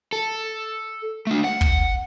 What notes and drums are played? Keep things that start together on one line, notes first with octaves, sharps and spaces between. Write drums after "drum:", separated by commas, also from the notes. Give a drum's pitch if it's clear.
A4
A3 D4
F#5
drum: kick